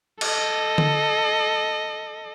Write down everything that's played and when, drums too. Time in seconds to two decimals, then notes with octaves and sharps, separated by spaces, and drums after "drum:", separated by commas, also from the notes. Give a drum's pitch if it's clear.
0.21 A4 D#5, drum: cymbal
0.78 drum: tom D3